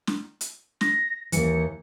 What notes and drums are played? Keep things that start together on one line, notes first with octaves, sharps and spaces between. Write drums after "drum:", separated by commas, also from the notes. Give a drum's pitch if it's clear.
drum: snare
drum: hi-hat
A#6, drum: snare
D#2 G#2 E3 C#7, drum: hi-hat